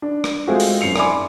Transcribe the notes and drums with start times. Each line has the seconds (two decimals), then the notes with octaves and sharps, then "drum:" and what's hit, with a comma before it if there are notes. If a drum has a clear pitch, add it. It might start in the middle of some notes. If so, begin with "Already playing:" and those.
0.02 D4
0.24 drum: rim click
0.47 G#3 A3 C4 F4 F#4 G#4
0.60 drum: open hi-hat
0.81 F#2 C7 C#7 F7
0.96 D5 E5 G#5 B5 C6 D6, drum: rim click